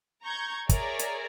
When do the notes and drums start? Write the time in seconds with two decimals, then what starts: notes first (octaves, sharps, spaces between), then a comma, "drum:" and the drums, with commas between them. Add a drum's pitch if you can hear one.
0.24 A#5 C#6 G6 G#6
0.69 G#4 A#4 C#5 D5 E5 A#5, drum: kick, hi-hat
0.99 drum: hi-hat